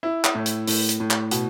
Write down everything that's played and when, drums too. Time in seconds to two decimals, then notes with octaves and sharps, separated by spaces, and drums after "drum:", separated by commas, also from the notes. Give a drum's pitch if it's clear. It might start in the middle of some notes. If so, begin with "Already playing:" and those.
0.03 E4
0.24 drum: clap
0.35 A2
0.46 drum: hi-hat
0.67 A2, drum: open hi-hat
0.89 drum: hi-hat
1.00 A2
1.11 drum: clap
1.31 B2, drum: hi-hat